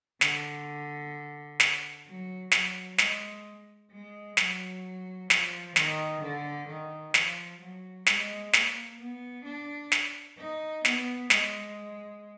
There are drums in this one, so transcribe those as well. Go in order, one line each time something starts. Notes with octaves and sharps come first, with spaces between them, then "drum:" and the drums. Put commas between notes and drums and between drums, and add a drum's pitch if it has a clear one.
D3, drum: snare
drum: snare
F#3
F#3, drum: snare
G#3, drum: snare
G#3
F#3, drum: snare
F3, drum: snare
D#3, drum: snare
D3
D#3
F3, drum: snare
F#3
G#3, drum: snare
A#3, drum: snare
B3
D4
drum: snare
D#4
B3, drum: snare
G#3, drum: snare